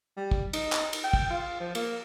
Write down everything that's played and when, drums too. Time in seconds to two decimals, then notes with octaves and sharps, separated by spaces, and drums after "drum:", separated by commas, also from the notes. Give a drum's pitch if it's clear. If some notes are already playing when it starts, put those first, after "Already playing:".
0.17 G3
0.31 drum: kick
0.53 D#4, drum: cymbal
0.72 drum: clap
0.93 drum: cymbal
1.04 G5
1.13 drum: kick
1.30 F4
1.60 F3
1.75 A#3, drum: cymbal